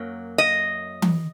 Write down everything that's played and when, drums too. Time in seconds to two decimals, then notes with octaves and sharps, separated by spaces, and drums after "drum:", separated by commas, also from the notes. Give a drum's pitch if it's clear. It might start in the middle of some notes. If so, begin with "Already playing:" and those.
Already playing: F#2 F#3 A#3
0.38 D#5
1.02 drum: tom E3